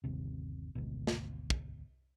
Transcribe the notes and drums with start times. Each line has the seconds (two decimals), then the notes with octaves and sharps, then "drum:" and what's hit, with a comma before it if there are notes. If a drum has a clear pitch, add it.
0.04 G1 D#2 C3
0.75 G#1 D2 B2
1.07 drum: snare
1.50 drum: kick